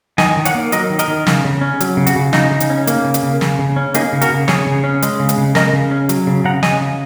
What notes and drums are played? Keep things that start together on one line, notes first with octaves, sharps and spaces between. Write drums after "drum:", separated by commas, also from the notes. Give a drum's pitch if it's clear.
D#3 D#5 G#5, drum: snare
D#3
C#5 F#5, drum: hi-hat
A#3
F#3 A#4 D#5, drum: hi-hat
D#3
A#4 D#5, drum: hi-hat
D#3
C#3, drum: snare
C#3
C#4
F#3, drum: hi-hat
C#3
F#4, drum: hi-hat
C#3
C#3 D#4, drum: snare
C#3
drum: hi-hat
C#4
A#3, drum: hi-hat
C#3
drum: hi-hat
C#3
C#3, drum: snare
C#3
C#4
A#3 D#4 G#4, drum: hi-hat
C#3
F#4 A#4, drum: hi-hat
C#3
C#3 G#4 C#5, drum: snare
C#3
C#4
G#3, drum: hi-hat
C#3
drum: hi-hat
C#3
C#3 A#4 D#5, drum: snare
C#3
C#4
F#3, drum: hi-hat
C#3
C#3 F#5 A#5
C#3 D#5 G#5, drum: snare
C#3